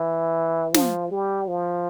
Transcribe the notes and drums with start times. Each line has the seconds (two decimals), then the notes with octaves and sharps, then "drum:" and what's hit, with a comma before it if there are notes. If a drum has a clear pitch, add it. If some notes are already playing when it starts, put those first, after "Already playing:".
Already playing: E3
0.74 F3, drum: snare
1.11 G3
1.49 F3